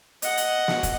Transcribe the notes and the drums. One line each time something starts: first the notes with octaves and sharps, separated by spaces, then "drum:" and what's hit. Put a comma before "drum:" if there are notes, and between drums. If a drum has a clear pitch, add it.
D#5 F#5, drum: hi-hat
drum: hi-hat
drum: snare
drum: kick, hi-hat